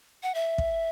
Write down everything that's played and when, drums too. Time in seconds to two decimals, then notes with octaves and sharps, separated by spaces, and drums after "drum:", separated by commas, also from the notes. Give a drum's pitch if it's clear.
0.23 F#5
0.34 E5
0.58 drum: kick